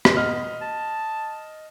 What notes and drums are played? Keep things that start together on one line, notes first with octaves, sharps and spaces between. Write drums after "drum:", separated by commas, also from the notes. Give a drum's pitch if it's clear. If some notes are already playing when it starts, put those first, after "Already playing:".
drum: rim click
B3 D#5 F6
A5